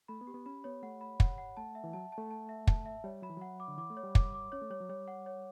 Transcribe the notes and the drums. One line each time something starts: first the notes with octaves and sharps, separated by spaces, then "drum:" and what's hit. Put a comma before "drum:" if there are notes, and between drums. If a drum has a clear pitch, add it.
A3 B5
B3
G4
B3
C#4 B5
B3 C#5
A3 F#5
B5
F#5, drum: kick
F#5
A3 A5
E5
E3
F#3 A5
A5
A3
A5
E5
A5, drum: kick
E5
G3 C#5
F#3 B5
E3
F#3 F#5
D6
D3
E3 D6
A3
C#5
G3
D6, drum: kick
D6
C#4 C#5
A3
G3 C#5
F#3
G3 C#5
F#5
C#5